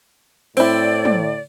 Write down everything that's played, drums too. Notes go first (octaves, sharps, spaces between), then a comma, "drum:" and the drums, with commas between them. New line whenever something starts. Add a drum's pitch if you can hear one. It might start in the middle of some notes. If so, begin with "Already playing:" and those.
A2 C4 E4 D5, drum: cymbal
drum: tom